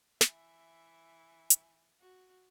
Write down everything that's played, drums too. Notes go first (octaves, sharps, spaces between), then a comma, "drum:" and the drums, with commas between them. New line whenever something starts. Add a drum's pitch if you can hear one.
E3 E5, drum: snare
drum: hi-hat
F#4